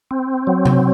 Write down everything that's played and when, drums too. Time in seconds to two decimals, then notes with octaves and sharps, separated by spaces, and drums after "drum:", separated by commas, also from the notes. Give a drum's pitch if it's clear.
0.11 C4
0.47 F#3
0.65 drum: tom C3